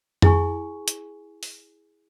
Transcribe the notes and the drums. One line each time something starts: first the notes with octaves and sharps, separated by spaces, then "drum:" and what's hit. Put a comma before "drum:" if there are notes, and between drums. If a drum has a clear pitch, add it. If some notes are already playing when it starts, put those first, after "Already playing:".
E4 G#4 G#5 C#6, drum: tom F2
drum: hi-hat
drum: open hi-hat